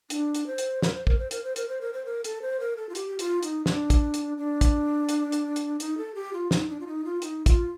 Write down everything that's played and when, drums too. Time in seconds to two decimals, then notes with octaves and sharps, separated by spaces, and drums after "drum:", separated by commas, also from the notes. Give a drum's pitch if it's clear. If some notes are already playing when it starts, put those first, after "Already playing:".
0.10 D4, drum: hi-hat
0.35 drum: hi-hat
0.47 C5
0.58 drum: hi-hat
0.82 A#4, drum: snare
0.94 C5
1.07 A#4, drum: kick
1.19 C5
1.31 A#4, drum: hi-hat
1.44 C5
1.56 A#4, drum: hi-hat
1.69 C5
1.81 A#4
1.93 C5
2.05 A#4
2.24 A4, drum: hi-hat
2.42 C5
2.60 A#4
2.77 A4
2.89 F4
2.95 G4, drum: hi-hat
3.08 G4
3.19 F4, drum: hi-hat
3.43 D#4, drum: hi-hat
3.66 D4, drum: snare
3.90 drum: kick, hi-hat
4.14 drum: hi-hat
4.38 D4
4.61 drum: kick, hi-hat
5.09 drum: hi-hat
5.32 drum: hi-hat
5.56 drum: hi-hat
5.80 D#4, drum: hi-hat
5.98 A4
6.15 G4
6.33 F4
6.51 D#4, drum: snare
6.69 D4
6.80 F4
6.87 D#4
7.05 F4
7.22 D#4, drum: hi-hat
7.46 F4, drum: kick, hi-hat